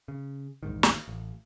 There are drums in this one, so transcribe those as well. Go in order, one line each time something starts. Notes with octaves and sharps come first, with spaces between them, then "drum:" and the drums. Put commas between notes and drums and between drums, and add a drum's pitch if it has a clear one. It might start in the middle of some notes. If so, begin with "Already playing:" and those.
C#3
A#1 E2 G#2 D#3
drum: snare
A1